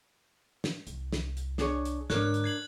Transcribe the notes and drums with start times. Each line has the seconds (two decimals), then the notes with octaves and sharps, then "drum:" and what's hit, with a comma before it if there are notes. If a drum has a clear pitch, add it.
0.64 drum: snare
0.87 C2, drum: hi-hat
1.13 drum: snare
1.37 drum: hi-hat
1.58 D4 G#4 C#5, drum: snare
1.85 drum: hi-hat
2.10 G#2 D3 D4 A#4 C#5 F#6 G#6, drum: snare
2.34 drum: hi-hat
2.44 G#6 C7 F#7